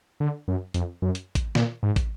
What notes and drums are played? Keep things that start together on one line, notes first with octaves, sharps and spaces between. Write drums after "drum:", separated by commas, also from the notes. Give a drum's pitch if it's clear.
D3
F#2
F2, drum: hi-hat
F#2
drum: hi-hat
drum: kick, hi-hat
A#2, drum: snare
G#2
drum: kick, hi-hat